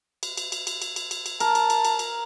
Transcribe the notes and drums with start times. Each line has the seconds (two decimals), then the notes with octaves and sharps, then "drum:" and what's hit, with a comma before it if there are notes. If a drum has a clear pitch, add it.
0.23 drum: cymbal
0.37 drum: cymbal
0.52 drum: cymbal
0.67 drum: cymbal
0.82 drum: cymbal
0.96 drum: cymbal
1.11 drum: cymbal
1.26 drum: cymbal
1.40 A#4 A5, drum: cymbal
1.55 drum: cymbal
1.70 drum: cymbal
1.85 drum: cymbal
1.99 drum: cymbal